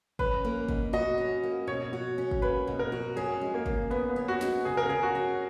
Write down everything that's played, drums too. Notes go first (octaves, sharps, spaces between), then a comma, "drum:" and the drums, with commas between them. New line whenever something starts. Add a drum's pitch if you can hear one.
C#4 B4, drum: kick
A#3
B2, drum: kick
F#4 D#5
C#4
A#3
B2 C#5
F#4
C#4
drum: kick
A#3 B4
B2
A#4
F#4
C#4 G#4
G#3
A#3
C#3, drum: kick
C#3 B3
B3
C#4
F#4
G#3, drum: snare
C#3 G#4
A#4
C#3 G#4
F#4
C#4